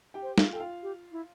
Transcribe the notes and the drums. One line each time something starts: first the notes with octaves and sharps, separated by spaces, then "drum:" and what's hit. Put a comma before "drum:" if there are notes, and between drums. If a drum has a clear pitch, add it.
G4 G5
C5
F4 F5, drum: snare
A4 G5
F4 F5
G4
E4